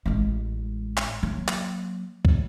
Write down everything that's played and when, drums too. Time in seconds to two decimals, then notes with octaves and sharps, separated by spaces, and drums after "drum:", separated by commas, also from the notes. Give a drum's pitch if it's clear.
0.06 A1 G#3
0.97 drum: clap
1.23 F#3 A#3
1.48 drum: clap
2.25 drum: kick C2